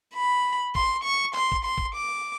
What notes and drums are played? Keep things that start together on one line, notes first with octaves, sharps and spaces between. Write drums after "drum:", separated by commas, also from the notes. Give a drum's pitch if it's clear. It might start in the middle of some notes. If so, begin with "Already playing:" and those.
B5
C6, drum: kick
C#6
C6, drum: clap
drum: kick
C6
drum: kick
D6